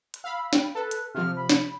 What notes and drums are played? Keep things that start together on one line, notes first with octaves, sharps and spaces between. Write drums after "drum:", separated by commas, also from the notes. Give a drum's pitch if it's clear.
drum: hi-hat
F5 B5 E6
G5, drum: snare
A4 B4
drum: hi-hat
C3 F3 F6
B5
drum: snare